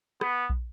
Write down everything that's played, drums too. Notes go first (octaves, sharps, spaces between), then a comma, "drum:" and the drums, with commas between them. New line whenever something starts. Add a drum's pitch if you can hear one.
B3, drum: rim click
drum: kick